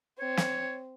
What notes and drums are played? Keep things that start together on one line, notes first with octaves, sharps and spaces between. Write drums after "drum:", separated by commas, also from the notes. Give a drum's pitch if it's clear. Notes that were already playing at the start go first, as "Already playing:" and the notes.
C4 C#5
drum: snare